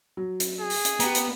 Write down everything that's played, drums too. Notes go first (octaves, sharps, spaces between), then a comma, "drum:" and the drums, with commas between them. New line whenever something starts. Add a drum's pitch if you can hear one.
F#3
drum: hi-hat
G#4
drum: open hi-hat
drum: hi-hat
B3 G4 A#5, drum: hi-hat
drum: hi-hat